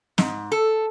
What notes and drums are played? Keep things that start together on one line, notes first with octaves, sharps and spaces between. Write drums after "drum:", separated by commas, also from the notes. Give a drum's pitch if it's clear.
G#2, drum: snare
A4